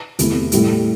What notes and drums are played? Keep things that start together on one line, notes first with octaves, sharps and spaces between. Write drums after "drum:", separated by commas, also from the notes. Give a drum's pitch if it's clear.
E2 C3 A3 E4, drum: hi-hat
A2 G3 E4, drum: hi-hat